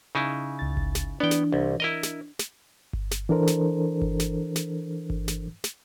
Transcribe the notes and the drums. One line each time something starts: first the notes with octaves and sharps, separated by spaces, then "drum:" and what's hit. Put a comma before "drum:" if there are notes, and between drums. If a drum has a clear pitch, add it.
C#3 D#4 E4
C#2 A6
drum: kick G1
drum: snare
E3 B3 D4 G5
drum: snare
C2
E4 A#4 D#5
drum: snare
drum: snare
drum: kick G1
drum: snare
E3 D4 A4 A#4 C5
drum: snare
drum: kick G1
drum: snare
drum: snare
drum: kick G1
drum: snare
drum: snare